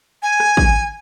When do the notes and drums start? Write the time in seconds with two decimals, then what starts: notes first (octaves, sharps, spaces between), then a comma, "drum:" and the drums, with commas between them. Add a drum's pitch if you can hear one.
0.23 G#5
0.40 drum: rim click
0.57 drum: kick